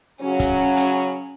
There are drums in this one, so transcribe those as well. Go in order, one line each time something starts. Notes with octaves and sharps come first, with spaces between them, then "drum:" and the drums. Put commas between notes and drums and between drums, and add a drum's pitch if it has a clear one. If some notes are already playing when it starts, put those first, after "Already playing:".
C#3 F#3 C#4
drum: kick, hi-hat
drum: hi-hat